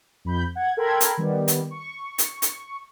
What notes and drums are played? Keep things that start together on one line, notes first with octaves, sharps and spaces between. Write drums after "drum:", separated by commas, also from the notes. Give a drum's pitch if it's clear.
F2 B5 G6
F#5 G#6
A4 A#4 G5 B5 C6 G#6
drum: hi-hat
D#3 G3 B3
drum: hi-hat
C#6
drum: hi-hat
drum: hi-hat